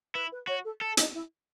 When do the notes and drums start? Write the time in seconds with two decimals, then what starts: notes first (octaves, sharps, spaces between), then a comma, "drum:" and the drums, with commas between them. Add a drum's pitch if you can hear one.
0.14 E4 B4
0.32 B4
0.47 F#4 C#5
0.64 A4
0.81 A4
0.97 D#4, drum: hi-hat
1.14 E4